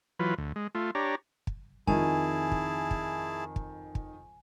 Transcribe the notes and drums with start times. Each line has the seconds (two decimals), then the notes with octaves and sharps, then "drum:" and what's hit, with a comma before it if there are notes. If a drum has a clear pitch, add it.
0.19 E3 F#3 F4 B4
0.38 D2
0.56 G#3
0.75 A3 F4
0.95 D4 G4 C#5 A#5
1.47 drum: kick
1.87 F2 D#3 E4 G#4 G#5 A5, drum: kick
2.52 drum: kick
2.91 drum: kick
3.56 drum: kick
3.95 drum: kick